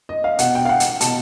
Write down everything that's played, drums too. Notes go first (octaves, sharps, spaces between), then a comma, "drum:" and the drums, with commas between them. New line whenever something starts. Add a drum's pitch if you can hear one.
D#5
F5
B2 F#5, drum: hi-hat
G5
F5
F#5
drum: hi-hat
B2 A5, drum: hi-hat